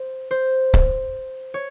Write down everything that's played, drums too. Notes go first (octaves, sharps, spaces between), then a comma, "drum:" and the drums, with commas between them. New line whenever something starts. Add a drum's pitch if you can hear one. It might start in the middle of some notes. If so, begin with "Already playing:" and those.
Already playing: C5
C5
drum: kick C#1
C#5